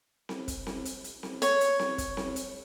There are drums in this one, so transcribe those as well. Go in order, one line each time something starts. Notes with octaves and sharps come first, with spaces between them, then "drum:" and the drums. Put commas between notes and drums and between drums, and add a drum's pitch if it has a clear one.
drum: snare C4
drum: kick, hi-hat
drum: snare C4
drum: hi-hat
drum: hi-hat
drum: snare C4
C#5, drum: hi-hat
drum: hi-hat
drum: snare C4
drum: kick, hi-hat
drum: snare C4
drum: hi-hat